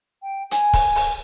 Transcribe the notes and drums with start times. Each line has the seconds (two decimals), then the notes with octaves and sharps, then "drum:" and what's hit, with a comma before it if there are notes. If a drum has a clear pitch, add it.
0.23 G5
0.51 G#5, drum: hi-hat
0.73 drum: kick, open hi-hat
0.95 drum: open hi-hat